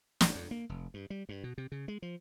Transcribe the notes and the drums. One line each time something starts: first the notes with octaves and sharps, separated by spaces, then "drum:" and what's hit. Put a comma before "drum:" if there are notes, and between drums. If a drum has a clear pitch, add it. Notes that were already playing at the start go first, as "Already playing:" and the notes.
A1, drum: snare
F2
A#3
F1
G2
G3
G2
B2
C3
C#3
G#3
F3